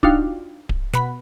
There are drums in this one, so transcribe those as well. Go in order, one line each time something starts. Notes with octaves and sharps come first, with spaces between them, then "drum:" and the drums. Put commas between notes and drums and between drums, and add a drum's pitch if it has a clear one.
D4 D#4 F4 F#4 F5 G5, drum: kick D1
drum: kick D1
B2 B5, drum: snare